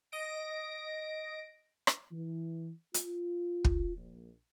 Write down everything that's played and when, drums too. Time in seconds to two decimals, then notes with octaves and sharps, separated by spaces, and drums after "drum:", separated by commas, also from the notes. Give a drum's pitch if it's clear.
0.12 D#5 A#6 D7
1.87 drum: rim click
2.11 E3
2.94 F4, drum: hi-hat
3.64 drum: kick
3.96 A#1